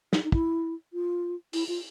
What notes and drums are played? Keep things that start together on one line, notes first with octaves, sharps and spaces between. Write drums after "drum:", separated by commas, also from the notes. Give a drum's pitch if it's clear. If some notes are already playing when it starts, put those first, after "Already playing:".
D#4, drum: snare
D#4
E4, drum: kick
F4
E4, drum: open hi-hat
F4